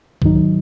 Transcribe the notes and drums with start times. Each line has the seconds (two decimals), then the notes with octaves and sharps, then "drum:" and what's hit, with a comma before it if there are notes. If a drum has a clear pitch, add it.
0.22 G#2 D#3 F#3 D#4, drum: kick C2